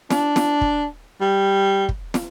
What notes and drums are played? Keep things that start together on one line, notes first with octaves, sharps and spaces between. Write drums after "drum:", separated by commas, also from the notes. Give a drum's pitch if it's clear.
D4, drum: snare
drum: snare
drum: kick
G3
drum: kick
drum: snare